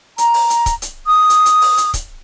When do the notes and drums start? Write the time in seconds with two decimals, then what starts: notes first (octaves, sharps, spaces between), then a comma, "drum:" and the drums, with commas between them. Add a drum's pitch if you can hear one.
0.18 A#5, drum: hi-hat
0.34 drum: open hi-hat
0.50 drum: hi-hat
0.66 drum: kick C#1, hi-hat
0.82 drum: hi-hat
1.07 D#6
1.30 drum: hi-hat
1.46 drum: hi-hat
1.62 drum: open hi-hat
1.78 drum: hi-hat
1.94 drum: kick C#1, hi-hat